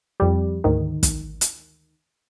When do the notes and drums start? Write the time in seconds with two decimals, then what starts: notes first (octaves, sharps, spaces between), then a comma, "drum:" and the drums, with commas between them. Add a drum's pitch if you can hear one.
0.20 F2 G3
0.64 D2 G#2 D#3
1.03 drum: kick, hi-hat
1.41 drum: hi-hat